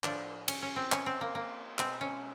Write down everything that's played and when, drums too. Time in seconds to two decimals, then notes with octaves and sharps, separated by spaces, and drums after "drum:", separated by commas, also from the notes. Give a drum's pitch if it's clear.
0.04 A2 F3 A3 D4, drum: clap
0.48 C#4, drum: cymbal
0.62 C#4
0.76 C4
0.92 C#4, drum: clap
1.06 C4
1.21 A#3
1.35 A#3
1.79 B2 G#3 C4, drum: clap
2.01 C#4